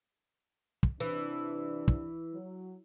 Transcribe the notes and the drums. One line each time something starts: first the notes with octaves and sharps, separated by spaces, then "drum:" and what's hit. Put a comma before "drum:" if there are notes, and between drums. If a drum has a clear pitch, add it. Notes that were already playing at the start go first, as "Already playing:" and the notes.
drum: kick
C3 E3 D4
drum: kick
F#3